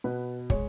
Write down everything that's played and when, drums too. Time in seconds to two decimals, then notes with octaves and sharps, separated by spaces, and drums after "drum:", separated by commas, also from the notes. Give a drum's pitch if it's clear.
0.04 B2 B4
0.50 G#3 C#5, drum: kick